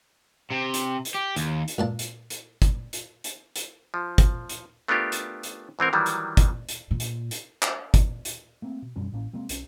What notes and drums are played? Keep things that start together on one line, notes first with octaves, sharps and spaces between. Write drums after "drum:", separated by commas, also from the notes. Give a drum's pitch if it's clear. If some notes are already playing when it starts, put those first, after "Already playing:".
C3
drum: hi-hat
drum: hi-hat
G4
D#2, drum: hi-hat
drum: hi-hat
C#2 A#2 A5
drum: hi-hat
drum: hi-hat
drum: kick, hi-hat
drum: hi-hat
drum: hi-hat
drum: hi-hat
F3
drum: kick, hi-hat
drum: hi-hat
A3 B3 D4 F4 G4 A#4
drum: hi-hat
drum: hi-hat
G#2 E3 C4 A#4
D#3 E3 F#3 G3
drum: hi-hat
drum: kick, hi-hat
drum: hi-hat
A#2
drum: hi-hat
drum: hi-hat
drum: clap
drum: kick, hi-hat
drum: hi-hat
A3 A#3 C4
B2
F#2 B2 G3 C#4
A1 A2 A#3 C#4
C3 G#3 A#3 C4
B1 C#4, drum: hi-hat